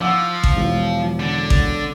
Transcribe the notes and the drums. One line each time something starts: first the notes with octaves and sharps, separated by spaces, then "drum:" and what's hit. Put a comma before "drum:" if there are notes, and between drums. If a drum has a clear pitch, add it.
F3 F#5 D6 E6
drum: kick A1
E1
D3
drum: kick A1